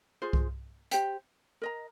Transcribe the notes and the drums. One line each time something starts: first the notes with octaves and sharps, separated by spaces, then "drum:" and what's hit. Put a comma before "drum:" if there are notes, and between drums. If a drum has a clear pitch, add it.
F4 G#4 C5
drum: kick C2
G4 C5 G5, drum: hi-hat
A#4 D#5 A#5